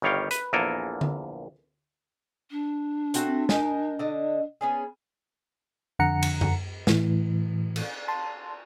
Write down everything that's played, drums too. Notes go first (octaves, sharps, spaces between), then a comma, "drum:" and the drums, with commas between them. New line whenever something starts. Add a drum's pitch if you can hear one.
G1 D#3 G3 C#5 F5 G5
B4, drum: hi-hat
A#1 E2 A#3 A4 A#4 G#5
drum: tom D3
D4
A3 C4 F#4, drum: hi-hat
D#4 A#4 G#5, drum: snare
D3 D#5
B3 C#4 G#4
F2 D3 F#5 A#5 C#7
drum: cymbal
drum: tom F#2
A2 E3, drum: snare
drum: cymbal
A5 C6